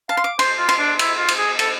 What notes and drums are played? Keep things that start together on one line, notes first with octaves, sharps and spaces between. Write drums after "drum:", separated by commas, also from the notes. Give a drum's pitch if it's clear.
F5 A5
C6
D6
C5 C6, drum: cymbal
F4
C6, drum: cymbal
D4
E4, drum: cymbal
F4
drum: cymbal
G#4
A4, drum: cymbal